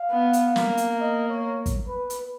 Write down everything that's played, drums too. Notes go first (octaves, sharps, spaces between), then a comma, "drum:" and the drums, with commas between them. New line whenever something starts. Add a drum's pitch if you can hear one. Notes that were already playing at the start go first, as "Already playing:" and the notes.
Already playing: F5
B3
drum: hi-hat
A#3, drum: snare
drum: hi-hat
D#5
C#5
drum: kick, hi-hat
B4
drum: hi-hat